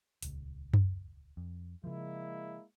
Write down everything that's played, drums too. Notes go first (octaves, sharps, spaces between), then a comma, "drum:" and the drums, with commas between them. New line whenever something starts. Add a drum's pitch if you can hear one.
D#1 C#2, drum: hi-hat
drum: tom F#2
F2
C#3 F3 G#3 A#3 E4